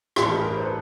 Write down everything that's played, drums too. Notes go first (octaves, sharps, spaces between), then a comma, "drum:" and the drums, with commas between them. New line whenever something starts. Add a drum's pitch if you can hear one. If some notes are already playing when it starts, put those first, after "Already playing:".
A1 G2 E3 G4 A4, drum: rim click
G#4 A#4
C5
A4 B4